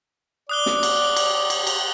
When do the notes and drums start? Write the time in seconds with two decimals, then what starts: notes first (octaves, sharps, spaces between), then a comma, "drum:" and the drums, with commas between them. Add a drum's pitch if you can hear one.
0.49 D5 D#6 F#6 G7
0.66 drum: snare
0.83 drum: cymbal
1.16 drum: cymbal
1.50 drum: cymbal
1.67 drum: cymbal